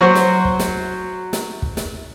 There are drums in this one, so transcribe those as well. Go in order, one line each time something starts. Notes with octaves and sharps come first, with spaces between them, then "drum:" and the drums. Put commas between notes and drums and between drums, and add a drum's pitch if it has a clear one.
F#3 F#4 C5
drum: snare
drum: kick
drum: snare
drum: snare
drum: kick
drum: snare